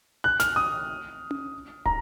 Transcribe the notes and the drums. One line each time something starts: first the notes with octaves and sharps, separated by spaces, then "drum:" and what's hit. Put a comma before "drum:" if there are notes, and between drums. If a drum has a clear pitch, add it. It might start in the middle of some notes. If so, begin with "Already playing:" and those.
F#6
F6, drum: snare
D#6
drum: tom C#4
A#5, drum: kick